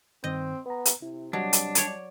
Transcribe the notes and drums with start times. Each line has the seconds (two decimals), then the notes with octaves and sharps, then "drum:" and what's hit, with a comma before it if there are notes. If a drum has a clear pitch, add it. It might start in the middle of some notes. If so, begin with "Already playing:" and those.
0.24 G2 D#3 C4 D#5 G6
0.66 B3 B4 A#5
0.85 drum: hi-hat
1.02 C3 E4
1.33 F#3 G3 D4 D#5
1.53 drum: hi-hat
1.75 C#5 D5, drum: hi-hat